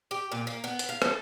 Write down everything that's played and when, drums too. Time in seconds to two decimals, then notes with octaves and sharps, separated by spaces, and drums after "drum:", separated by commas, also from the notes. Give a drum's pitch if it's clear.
0.11 G4
0.32 A#2
0.47 A#3
0.64 B3
0.79 drum: hi-hat
0.89 F5
1.02 A4, drum: rim click